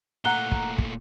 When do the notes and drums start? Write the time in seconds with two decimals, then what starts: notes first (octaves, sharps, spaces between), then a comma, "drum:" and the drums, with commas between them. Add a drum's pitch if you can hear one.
0.25 A#2 A3 F#5 A#5 F#6 G7
0.52 drum: kick
0.78 drum: kick